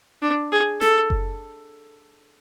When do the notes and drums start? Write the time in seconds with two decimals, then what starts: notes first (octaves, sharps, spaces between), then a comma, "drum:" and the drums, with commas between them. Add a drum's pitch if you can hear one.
0.23 D4
0.52 G#4
0.81 A4, drum: snare
1.10 drum: kick F#1